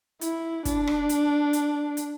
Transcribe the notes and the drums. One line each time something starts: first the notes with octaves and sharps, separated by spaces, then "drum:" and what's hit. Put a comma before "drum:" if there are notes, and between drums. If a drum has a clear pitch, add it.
E4, drum: hi-hat
D4, drum: kick, hi-hat
drum: rim click
drum: hi-hat
drum: hi-hat
drum: hi-hat